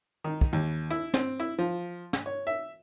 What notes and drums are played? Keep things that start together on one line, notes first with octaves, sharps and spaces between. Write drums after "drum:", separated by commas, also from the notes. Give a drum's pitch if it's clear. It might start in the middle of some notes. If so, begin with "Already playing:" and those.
D#3
drum: kick
D#2
E4
C4, drum: snare
E4
F3
drum: snare
C#5
E5